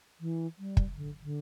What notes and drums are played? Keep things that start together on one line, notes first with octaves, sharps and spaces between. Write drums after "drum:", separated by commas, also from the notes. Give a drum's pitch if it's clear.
E3
G3
drum: kick
D3
D3